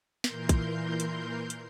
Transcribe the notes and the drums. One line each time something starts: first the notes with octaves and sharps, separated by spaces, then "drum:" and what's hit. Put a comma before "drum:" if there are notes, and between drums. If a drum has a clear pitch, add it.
A#2 E3 A#4 C6 G6, drum: snare
drum: kick, hi-hat
drum: hi-hat
drum: hi-hat